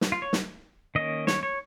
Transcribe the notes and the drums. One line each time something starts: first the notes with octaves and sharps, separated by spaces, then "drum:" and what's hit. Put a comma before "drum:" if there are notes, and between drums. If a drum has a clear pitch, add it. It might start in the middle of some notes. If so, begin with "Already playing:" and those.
drum: snare
F4
C#5
drum: snare
D#3 A#3 C#4 D#5
C#5, drum: snare
C#5